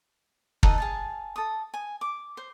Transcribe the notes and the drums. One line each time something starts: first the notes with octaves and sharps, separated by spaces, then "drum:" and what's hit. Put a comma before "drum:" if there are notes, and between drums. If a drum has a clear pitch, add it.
D#4 A4 D#5 F#5, drum: kick
G#4 F5 A5
A4 D#6
G#5
D6
C5